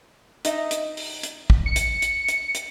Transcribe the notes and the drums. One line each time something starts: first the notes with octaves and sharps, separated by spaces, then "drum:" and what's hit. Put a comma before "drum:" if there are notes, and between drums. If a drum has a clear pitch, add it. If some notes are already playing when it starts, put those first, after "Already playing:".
D#4 D#5 E5, drum: hi-hat
drum: hi-hat
drum: open hi-hat
drum: hi-hat
drum: kick
C#7
drum: hi-hat
drum: hi-hat
drum: hi-hat
drum: hi-hat